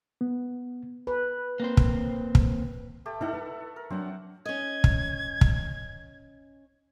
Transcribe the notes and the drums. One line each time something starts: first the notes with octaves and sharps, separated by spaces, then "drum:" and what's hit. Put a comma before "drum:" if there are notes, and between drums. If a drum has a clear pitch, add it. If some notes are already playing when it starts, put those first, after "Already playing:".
B3
B4
A#3 C4 C5
drum: kick
drum: kick
A3 G4 A4
D#4 E4 A4 E5 F#5 G5
B4
A#4
F#3 C4 D4 F#5
C#4 D#5 G#6
drum: kick
drum: kick